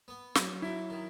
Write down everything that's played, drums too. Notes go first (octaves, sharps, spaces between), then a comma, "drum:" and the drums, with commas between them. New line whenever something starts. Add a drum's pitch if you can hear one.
B3
F#3, drum: snare
F#3 E4
D#3